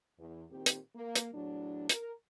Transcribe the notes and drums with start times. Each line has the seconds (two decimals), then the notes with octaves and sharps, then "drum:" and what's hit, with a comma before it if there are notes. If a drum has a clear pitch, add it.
0.19 E2
0.51 A#2 D#3 C4 G4
0.66 drum: hi-hat
0.95 A#3
1.16 drum: hi-hat
1.34 E2 A2 F#3 D4
1.89 A#4, drum: hi-hat